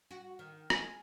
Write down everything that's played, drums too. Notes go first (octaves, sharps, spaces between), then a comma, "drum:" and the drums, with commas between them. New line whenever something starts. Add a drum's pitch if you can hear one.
F#4
D#3
G#4, drum: rim click